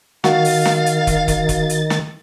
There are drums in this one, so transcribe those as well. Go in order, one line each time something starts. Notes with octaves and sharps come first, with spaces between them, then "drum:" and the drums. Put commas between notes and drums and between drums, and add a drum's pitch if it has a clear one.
D#3 F#4 F5 A6, drum: snare
drum: open hi-hat
drum: snare
drum: hi-hat
drum: kick, hi-hat
drum: kick, hi-hat
drum: kick, hi-hat
drum: hi-hat
drum: snare